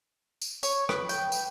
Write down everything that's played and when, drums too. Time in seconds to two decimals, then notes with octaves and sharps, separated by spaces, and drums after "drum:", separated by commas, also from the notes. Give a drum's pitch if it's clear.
0.42 drum: tambourine
0.63 C#5, drum: tambourine
0.89 B4, drum: rim click
1.09 G5, drum: tambourine
1.32 drum: tambourine